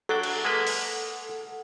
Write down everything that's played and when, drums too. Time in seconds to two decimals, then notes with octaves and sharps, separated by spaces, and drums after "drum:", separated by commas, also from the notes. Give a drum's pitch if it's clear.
0.09 F#3 D4 A4 F#5 G5
0.23 drum: cymbal
0.45 G#3 A#3 B4
0.67 drum: open hi-hat